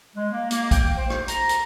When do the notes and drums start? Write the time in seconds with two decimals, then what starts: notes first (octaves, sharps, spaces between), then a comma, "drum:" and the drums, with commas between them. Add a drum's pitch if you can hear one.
0.16 G#3
0.31 A#3
0.51 A#3, drum: hi-hat
0.71 G5, drum: kick, hi-hat
0.97 C5
1.10 drum: rim click
1.28 A#5, drum: hi-hat
1.49 drum: hi-hat